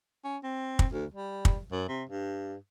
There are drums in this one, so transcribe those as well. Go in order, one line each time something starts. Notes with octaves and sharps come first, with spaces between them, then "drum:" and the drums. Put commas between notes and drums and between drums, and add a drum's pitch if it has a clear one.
C#4
C4
drum: kick
D2
G3
drum: kick
F#2
C3
G2